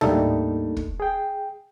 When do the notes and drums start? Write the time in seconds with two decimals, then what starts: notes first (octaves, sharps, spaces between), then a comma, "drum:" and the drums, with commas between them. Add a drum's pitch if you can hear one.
0.01 G3 A3 A#3 D4 D#4 A4, drum: tom
0.77 drum: kick
1.00 G#4 G5